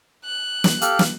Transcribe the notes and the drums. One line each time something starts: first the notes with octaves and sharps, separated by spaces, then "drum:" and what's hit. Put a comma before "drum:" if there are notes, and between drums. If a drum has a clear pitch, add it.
F#6
drum: snare
G4 A4 F5, drum: hi-hat
drum: snare